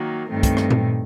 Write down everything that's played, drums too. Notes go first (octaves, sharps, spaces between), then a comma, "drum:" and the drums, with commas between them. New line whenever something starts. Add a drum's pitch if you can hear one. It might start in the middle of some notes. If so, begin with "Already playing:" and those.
Already playing: D#3 F#3 A#3
G2 D#3 A3 C4
drum: kick, hi-hat
drum: rim click
drum: tom A#2